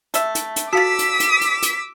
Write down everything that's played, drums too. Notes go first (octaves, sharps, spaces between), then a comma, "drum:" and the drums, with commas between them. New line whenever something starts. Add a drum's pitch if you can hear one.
A3 E5, drum: hi-hat
drum: hi-hat
drum: hi-hat
F4 F#4 A4 F5 D6 E6 B6
drum: hi-hat
drum: hi-hat
drum: hi-hat
drum: hi-hat